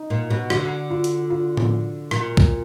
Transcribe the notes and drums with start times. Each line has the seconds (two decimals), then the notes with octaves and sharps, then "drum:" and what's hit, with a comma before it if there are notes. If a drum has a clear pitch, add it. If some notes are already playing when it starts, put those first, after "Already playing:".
Already playing: D#4
0.10 A#2
0.30 B2
0.50 D3 F#4, drum: rim click
0.90 F4
1.04 drum: hi-hat
1.30 F4
1.57 drum: tom A2
2.11 A#2, drum: rim click
2.37 drum: kick C#2